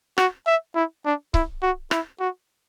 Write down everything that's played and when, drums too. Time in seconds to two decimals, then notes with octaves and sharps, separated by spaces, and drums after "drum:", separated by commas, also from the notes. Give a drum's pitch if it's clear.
0.18 F#4, drum: rim click
0.47 E5
0.75 E4
1.05 D4
1.34 E4, drum: kick C#1
1.62 F#4
1.91 E4, drum: rim click
2.20 F#4